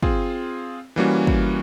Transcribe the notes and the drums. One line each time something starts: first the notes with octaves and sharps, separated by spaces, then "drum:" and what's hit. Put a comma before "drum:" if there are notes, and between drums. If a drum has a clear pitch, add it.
C4 F4 G#4, drum: kick
E3 G3 A#3 C#4 F#4
drum: kick